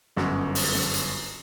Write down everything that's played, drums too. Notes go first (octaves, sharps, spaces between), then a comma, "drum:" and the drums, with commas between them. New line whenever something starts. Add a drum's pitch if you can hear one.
G1 F#2 F#4, drum: snare
drum: open hi-hat
drum: snare
drum: hi-hat